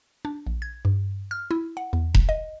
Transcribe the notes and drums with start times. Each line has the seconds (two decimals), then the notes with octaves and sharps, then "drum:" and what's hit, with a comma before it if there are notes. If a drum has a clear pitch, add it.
0.25 D4
0.47 A#1
0.62 G#6
0.85 G2
1.31 F6
1.51 E4
1.77 F#5
1.93 E2
2.14 A#1, drum: kick E1
2.29 D#5